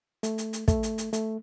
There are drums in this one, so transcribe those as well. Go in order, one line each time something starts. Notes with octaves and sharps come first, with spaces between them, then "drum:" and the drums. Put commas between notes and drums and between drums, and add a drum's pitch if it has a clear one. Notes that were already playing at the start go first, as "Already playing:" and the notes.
A3, drum: hi-hat
drum: hi-hat
drum: hi-hat
A3, drum: kick, hi-hat
drum: hi-hat
drum: hi-hat
A3, drum: hi-hat